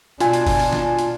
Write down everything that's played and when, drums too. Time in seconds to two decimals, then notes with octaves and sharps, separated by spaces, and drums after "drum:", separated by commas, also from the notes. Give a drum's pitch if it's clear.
0.20 B2 D4 F4 G#5, drum: hi-hat
0.33 drum: hi-hat
0.47 drum: kick, open hi-hat
0.60 drum: open hi-hat
0.73 drum: snare
0.99 drum: hi-hat